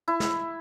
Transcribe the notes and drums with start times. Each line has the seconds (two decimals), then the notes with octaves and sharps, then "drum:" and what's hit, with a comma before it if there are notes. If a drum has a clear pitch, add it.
0.08 E4
0.20 drum: snare